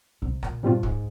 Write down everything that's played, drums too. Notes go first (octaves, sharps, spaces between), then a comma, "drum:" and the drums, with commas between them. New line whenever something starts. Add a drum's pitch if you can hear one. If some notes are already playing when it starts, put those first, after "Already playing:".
C2 C3
A#2, drum: rim click
G2 A#2 G3 C4 F4
G#2, drum: kick